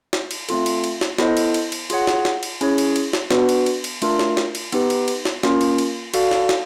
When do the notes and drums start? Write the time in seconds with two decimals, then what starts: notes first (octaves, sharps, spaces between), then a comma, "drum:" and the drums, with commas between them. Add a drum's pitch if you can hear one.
0.13 drum: snare
0.31 drum: cymbal
0.49 A3 C4 F4 A4, drum: cymbal
0.66 drum: cymbal
0.84 drum: cymbal
1.01 drum: snare
1.18 B3 E4 A4 C5 D#5, drum: snare
1.37 drum: cymbal
1.54 drum: cymbal
1.72 drum: cymbal
1.90 F4 G#4 C#5 F#5, drum: cymbal
2.07 drum: snare
2.25 drum: snare
2.43 drum: cymbal
2.61 C#4 E4 G#4 C#5, drum: cymbal
2.78 drum: cymbal
2.96 drum: cymbal
3.13 drum: snare
3.31 B3 D4 F#4 B4, drum: snare
3.49 drum: cymbal
3.66 drum: cymbal
3.84 drum: cymbal
4.02 A3 D4 F4 A#4, drum: cymbal
4.19 drum: snare
4.37 drum: snare
4.55 drum: cymbal
4.72 B3 D#4 G4 B4, drum: cymbal
4.90 drum: cymbal
5.08 drum: cymbal
5.25 drum: snare
5.43 A#3 C#4 F4 A#4, drum: snare
5.61 drum: cymbal
5.78 drum: cymbal
6.14 F#4 A4 D5 F5, drum: cymbal
6.31 drum: snare
6.49 drum: snare